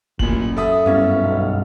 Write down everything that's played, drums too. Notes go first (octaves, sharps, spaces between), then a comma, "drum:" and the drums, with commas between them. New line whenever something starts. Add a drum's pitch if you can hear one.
A1 F#2 A#2 F#7, drum: kick F1
A4 E5 D#6
G2 G3 B3 C#4 E4 F5
B1